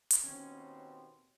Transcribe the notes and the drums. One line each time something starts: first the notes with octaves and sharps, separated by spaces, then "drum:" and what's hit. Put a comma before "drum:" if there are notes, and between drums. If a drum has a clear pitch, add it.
drum: hi-hat
D#2 B2 C4 C#4